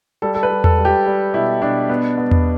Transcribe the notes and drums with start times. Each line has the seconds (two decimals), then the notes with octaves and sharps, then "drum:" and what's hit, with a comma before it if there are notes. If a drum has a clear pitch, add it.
0.22 G3 A4
0.35 A4
0.43 B4
0.50 G3
0.64 A4, drum: tom E2
0.78 G3
0.85 G4
1.06 G3
1.34 B2 E4
1.62 B2 D4
1.89 B3
2.18 B3
2.31 drum: tom E2